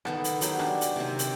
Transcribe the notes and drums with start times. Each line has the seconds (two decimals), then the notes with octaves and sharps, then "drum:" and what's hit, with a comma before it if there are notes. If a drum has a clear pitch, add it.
0.05 D#3 B3 A4, drum: rim click
0.24 drum: hi-hat
0.41 F#3 G4 G5, drum: hi-hat
0.59 D4, drum: rim click
0.81 drum: hi-hat
0.96 C3 D#3 C4
1.19 D5, drum: hi-hat